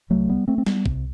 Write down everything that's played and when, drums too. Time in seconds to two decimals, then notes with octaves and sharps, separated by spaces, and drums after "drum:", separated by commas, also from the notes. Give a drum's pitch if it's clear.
0.10 C2 C3 F#3 A3
0.29 G3 B3
0.48 A3 C4
0.58 C4
0.66 G3 B3, drum: snare
0.86 C2 C3, drum: kick